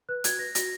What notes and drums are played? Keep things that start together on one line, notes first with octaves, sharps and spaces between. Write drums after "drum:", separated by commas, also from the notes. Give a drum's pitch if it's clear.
B4 F#6
F#4 G#6, drum: hi-hat
B4 A#6
F#4 A#6, drum: hi-hat